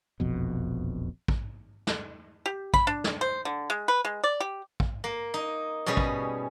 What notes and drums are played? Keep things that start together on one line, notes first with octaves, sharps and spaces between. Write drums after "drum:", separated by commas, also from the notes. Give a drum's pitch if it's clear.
E1 A#1 F2 B2
drum: kick
drum: snare
G4
B5, drum: kick
D4
drum: snare
C5
D3
G#3
B4
G#3
D5
G4
drum: kick
A#3
D#4
B2 G3 C#4 G#4
drum: kick